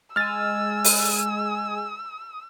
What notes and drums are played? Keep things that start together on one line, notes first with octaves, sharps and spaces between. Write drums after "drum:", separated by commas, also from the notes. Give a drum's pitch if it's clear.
G#3 G#5 E6 F6 A6
drum: open hi-hat